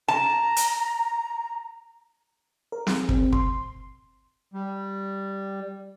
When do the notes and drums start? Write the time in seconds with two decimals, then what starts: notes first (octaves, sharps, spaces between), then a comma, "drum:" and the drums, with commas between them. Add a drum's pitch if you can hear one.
0.08 A5 A#5
0.56 drum: hi-hat
2.72 A#4
2.87 G#4, drum: snare
3.09 C4, drum: kick
3.33 C6, drum: kick
4.54 G3